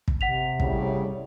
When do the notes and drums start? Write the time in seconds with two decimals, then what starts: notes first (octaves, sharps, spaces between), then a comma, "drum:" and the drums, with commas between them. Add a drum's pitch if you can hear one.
0.08 drum: kick
0.21 C3 F#5 B6 F7
0.60 A2 C#3 G3, drum: kick